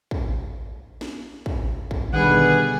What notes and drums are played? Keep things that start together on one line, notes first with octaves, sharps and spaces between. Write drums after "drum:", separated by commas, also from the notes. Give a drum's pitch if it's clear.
drum: kick
drum: snare
drum: kick
drum: kick
B2 D3 D#3 G3 G#4 B4 F#5